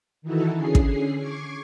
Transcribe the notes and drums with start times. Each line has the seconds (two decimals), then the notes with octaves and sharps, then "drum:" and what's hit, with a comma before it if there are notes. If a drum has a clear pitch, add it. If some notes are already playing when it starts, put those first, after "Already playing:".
0.22 D#3 E3 D#4 E4 F#4 A4
0.53 D3 C#4 G#4 C7
0.75 drum: kick
1.17 C#6 D6 G#6 C7